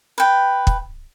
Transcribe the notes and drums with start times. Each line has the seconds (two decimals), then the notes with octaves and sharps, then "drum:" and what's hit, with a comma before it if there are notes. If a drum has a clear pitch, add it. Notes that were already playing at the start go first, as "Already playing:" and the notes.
0.18 B4 G5
0.67 drum: kick